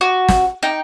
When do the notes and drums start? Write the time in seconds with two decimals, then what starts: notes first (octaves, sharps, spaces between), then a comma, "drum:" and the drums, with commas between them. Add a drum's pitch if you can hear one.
0.01 F#4
0.29 drum: snare
0.63 D#4 G5